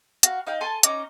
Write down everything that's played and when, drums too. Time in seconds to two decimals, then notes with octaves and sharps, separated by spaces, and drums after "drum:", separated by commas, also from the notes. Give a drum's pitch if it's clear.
0.23 F#4 F5, drum: hi-hat
0.47 D#4 F5 G5
0.61 A4 G#5 A5 C6
0.83 C#4 D#4 A#5 D6, drum: hi-hat